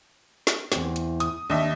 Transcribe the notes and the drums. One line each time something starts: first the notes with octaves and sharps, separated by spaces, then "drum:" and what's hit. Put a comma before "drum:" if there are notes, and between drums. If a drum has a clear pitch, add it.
drum: snare
E2 C4, drum: snare
drum: hi-hat
D#6, drum: hi-hat
D#2 D4 D#5 E5